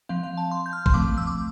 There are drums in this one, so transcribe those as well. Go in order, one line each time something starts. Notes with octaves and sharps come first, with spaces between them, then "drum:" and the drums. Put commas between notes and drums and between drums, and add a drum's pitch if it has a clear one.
F3 C4 F5
F5
A5
C6
G6
F6
C6, drum: kick
F3 A3 C4 D6
E6
D6